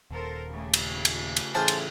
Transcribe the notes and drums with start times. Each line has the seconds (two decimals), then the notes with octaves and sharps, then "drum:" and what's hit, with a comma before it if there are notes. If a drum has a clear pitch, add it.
0.11 D#1 D#2 A4 A#4 C5
0.49 C#3 A3 G4
0.74 drum: cymbal
1.05 drum: cymbal
1.36 drum: cymbal
1.55 A1 G#4 C5 F5 A5
1.68 drum: cymbal